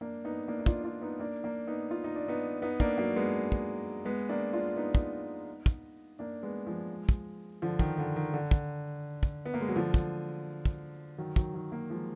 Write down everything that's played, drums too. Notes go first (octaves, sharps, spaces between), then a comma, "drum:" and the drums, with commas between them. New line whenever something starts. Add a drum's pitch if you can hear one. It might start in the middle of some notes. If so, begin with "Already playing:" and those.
A#3 D4
B3 D#4
A#3 D4
D#4
D4 F4, drum: kick
D4 F4
B3 D#4
A#3 D4
A#3 D4
B3 D#4
F4
D#4
D4
B3 D#4
B3 D#4
A#3 D4, drum: kick
F#3 A#3
G#3 B3
drum: kick
G#3 B3
A#3 D4
D4 F4
B3 D#4
drum: kick
drum: kick
A#3 D4
G#3 B3
F3 G#3
drum: kick
D3 F3
D#3, drum: kick
D3
D#3
D3
drum: kick
drum: kick
B3
A#3
G#3
F#3
D3 F3
drum: kick
drum: kick
D#3 F#3
D#3 F#3, drum: kick
D#3 F#3
F#3 A#3
F3 G#3